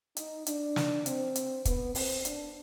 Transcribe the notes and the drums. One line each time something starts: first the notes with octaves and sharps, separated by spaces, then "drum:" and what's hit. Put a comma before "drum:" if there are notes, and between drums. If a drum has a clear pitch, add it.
D#4, drum: hi-hat
D4, drum: hi-hat
drum: snare
C4, drum: hi-hat
drum: hi-hat
B3, drum: kick, hi-hat
C4, drum: open hi-hat
D4, drum: hi-hat